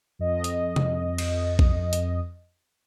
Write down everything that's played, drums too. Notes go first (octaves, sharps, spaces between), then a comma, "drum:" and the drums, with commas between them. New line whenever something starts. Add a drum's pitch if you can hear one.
F2 D#5
drum: hi-hat
drum: tom C3
drum: cymbal
drum: kick A#1
drum: hi-hat